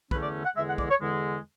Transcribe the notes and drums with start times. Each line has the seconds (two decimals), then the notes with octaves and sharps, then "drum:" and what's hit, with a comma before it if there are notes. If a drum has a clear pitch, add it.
0.11 E2 D3 A3 C#4 B4, drum: kick
0.23 D5
0.45 F#5
0.56 E2 D3 G#3 E5
0.68 F#5
0.78 D5, drum: kick
0.90 C#5
1.01 E2 D3 G#3